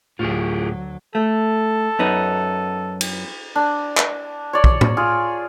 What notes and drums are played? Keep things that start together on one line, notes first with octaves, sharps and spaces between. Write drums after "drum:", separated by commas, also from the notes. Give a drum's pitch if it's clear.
D2 A2 F#3 F4 G4 G#4
A3 A4
F#2 B3 D#4
drum: cymbal
D4
drum: clap
C#5 D5
drum: kick
drum: tom A2
F4 G#4